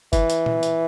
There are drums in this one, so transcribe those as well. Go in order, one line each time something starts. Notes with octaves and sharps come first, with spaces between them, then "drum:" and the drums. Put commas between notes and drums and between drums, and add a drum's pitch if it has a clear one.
E3, drum: kick F#1, hi-hat
drum: hi-hat
drum: tom A#2
drum: hi-hat